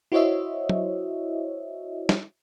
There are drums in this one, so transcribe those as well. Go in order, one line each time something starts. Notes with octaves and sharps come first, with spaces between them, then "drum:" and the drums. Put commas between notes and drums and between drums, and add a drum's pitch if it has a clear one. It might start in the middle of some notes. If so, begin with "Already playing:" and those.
E4 F#4 C5 C#5 D#5 E5
drum: tom F#3
drum: snare